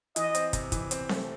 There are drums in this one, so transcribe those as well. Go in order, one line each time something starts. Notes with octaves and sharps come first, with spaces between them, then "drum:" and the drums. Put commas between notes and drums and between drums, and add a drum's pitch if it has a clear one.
E3 D#5, drum: hi-hat
C4, drum: hi-hat
C3, drum: kick, hi-hat
E3, drum: kick, hi-hat
C4, drum: hi-hat
A3, drum: snare C4